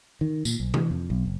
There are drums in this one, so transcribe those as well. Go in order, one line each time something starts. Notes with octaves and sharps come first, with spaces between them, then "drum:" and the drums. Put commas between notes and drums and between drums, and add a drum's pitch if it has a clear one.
D#3
A#2, drum: tambourine
B1
E3, drum: tom C3
F2
B1
F#1